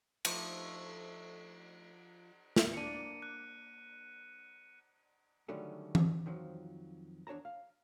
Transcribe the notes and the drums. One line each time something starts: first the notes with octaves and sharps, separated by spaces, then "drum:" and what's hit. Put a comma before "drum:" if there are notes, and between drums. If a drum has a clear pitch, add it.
F3 A3 D#4 A#5 D6, drum: cymbal
drum: snare
A#3 D4 C#7 D#7
F#6
D3 D#3 F#3 G3 A3 C#4
drum: tom E3
F2 D#3 F3 F#3
E2 D4 C#5 A5 A#5
F5